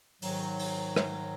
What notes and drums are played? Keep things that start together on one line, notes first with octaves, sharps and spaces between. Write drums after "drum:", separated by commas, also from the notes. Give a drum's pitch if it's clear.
G#2 D#3 F#3, drum: open hi-hat
drum: open hi-hat
drum: rim click